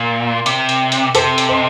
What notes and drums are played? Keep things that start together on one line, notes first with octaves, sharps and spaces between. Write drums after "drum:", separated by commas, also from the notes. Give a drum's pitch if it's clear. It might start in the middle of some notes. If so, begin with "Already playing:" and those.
Already playing: A#2 A#4 D5
C3, drum: hi-hat
drum: hi-hat
drum: hi-hat
C3 A4 C5, drum: hi-hat
drum: hi-hat
C5 D#5